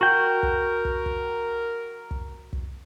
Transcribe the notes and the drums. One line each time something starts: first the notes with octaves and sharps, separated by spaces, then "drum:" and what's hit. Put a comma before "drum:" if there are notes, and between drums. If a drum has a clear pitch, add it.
F#4 A#4 G5
drum: kick
drum: kick
drum: kick
drum: kick
drum: kick